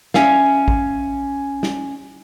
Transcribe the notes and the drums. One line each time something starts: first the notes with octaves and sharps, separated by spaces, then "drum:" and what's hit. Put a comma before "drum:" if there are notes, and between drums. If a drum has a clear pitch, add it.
C#4 E5 F5, drum: snare
drum: kick A1
drum: snare